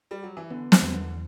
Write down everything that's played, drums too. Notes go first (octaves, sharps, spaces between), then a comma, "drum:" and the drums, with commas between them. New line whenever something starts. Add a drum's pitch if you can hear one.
G3
F#3
E3
D3 B3
D3, drum: snare
E2
D3